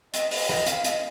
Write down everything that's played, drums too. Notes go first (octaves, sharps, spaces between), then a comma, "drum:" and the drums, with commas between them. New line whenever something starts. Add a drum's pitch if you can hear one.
D#5, drum: hi-hat
D#5, drum: open hi-hat
D#5, drum: rim click
F5, drum: hi-hat
D#5, drum: hi-hat